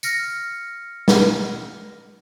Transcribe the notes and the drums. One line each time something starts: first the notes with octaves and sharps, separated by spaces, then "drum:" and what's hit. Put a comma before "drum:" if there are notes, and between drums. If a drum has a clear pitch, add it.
F6 A#6 C#7, drum: tambourine
drum: snare